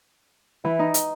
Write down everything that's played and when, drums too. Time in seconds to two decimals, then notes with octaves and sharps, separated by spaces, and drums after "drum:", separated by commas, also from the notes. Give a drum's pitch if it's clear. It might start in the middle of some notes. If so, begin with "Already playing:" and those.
0.65 E3 E4
0.79 D#4
0.94 drum: hi-hat